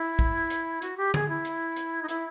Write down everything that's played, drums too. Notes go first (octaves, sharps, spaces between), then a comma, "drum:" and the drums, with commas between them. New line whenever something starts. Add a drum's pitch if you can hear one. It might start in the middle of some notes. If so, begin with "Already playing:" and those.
Already playing: E4
drum: kick
drum: hi-hat
F#4, drum: hi-hat
G4
G#4, drum: tom D3
E4
drum: hi-hat
drum: hi-hat
D#4
E4, drum: hi-hat